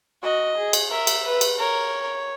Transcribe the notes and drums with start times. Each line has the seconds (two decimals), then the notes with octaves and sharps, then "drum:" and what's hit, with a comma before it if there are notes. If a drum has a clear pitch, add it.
0.23 F#4 D#5
0.56 G#4
0.73 drum: cymbal
0.90 A#4 E5
1.07 drum: cymbal
1.24 B4
1.41 drum: cymbal
1.58 A#4 C#5